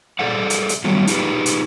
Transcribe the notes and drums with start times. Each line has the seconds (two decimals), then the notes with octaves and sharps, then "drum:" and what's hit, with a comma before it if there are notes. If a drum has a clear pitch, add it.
0.19 G#4 A4 C5 D5 E5 F#5
0.50 drum: hi-hat
0.69 drum: hi-hat
0.84 D3 D#3 F#3 G3 A3 B3
1.07 D#4 F4 G4 G#4 B4, drum: hi-hat
1.46 drum: hi-hat